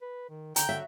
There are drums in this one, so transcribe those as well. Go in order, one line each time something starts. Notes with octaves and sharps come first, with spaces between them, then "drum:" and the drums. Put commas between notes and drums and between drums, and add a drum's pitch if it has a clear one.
B4
D#3
D3 G5 A#5, drum: hi-hat
D3 F#3 E5